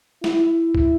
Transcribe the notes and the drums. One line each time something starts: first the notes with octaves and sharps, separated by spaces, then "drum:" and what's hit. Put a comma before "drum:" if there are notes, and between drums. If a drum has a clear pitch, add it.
E4, drum: snare
drum: kick C#2